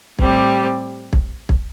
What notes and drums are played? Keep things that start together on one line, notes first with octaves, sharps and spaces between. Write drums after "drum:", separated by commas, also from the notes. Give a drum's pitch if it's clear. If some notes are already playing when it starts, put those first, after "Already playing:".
A2 G3 C4 G4, drum: kick
drum: kick
drum: kick